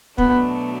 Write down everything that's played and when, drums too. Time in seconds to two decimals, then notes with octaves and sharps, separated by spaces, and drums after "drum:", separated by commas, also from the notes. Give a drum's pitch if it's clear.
0.18 B2 F#3 A3 B3 D4, drum: kick